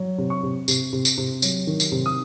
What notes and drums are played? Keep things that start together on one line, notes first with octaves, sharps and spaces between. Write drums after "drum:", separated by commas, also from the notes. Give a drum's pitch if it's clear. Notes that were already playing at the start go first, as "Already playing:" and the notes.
Already playing: F#3
C3
C#6
C3
C3, drum: tambourine
C3
drum: tambourine
C3
F#3, drum: tambourine
D#3
drum: tambourine
C3
D#6